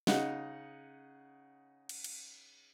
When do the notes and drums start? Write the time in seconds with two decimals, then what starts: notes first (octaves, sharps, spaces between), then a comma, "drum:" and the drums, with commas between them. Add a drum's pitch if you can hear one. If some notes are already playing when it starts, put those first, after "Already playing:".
0.07 C#3 D#4 F#5, drum: snare
1.89 drum: cymbal
2.04 drum: cymbal